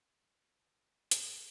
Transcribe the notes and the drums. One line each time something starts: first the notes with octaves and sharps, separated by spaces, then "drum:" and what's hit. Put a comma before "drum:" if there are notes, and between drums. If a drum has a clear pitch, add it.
A4, drum: hi-hat